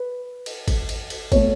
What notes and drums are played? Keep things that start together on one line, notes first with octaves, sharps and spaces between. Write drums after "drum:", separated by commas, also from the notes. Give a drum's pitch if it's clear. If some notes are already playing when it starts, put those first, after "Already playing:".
Already playing: B4
drum: cymbal
drum: kick G#1, cymbal
drum: cymbal
drum: cymbal
B2 A3 C#5, drum: kick G#1, cymbal